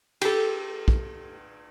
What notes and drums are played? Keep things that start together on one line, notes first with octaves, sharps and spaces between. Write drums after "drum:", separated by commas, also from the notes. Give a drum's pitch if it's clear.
G4 A4, drum: cymbal
drum: kick